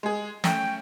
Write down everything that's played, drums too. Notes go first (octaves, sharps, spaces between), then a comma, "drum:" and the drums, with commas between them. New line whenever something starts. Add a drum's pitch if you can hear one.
G#3 G#4
A3 C#4 G5, drum: snare